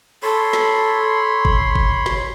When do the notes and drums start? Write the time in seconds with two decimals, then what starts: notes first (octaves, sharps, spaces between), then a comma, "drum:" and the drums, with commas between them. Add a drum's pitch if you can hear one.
0.23 A4 C#5 B5 C6
0.53 drum: snare
1.45 drum: kick G1
1.75 drum: kick G1
2.06 drum: snare